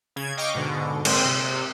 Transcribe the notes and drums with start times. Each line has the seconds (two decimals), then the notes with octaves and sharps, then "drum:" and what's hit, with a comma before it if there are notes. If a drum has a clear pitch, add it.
0.16 C#3 G#6
0.37 D#5 F5 G5 C#6 D6
0.54 G#2 B2 D3
1.05 A#2 G#3 C4 G5 C6 D#7, drum: cymbal
1.26 C3